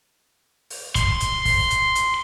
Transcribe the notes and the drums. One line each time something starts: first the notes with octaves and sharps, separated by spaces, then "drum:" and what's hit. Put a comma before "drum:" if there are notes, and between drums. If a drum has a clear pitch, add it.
drum: open hi-hat
C6, drum: kick, hi-hat
drum: hi-hat
drum: kick, open hi-hat
drum: hi-hat
drum: hi-hat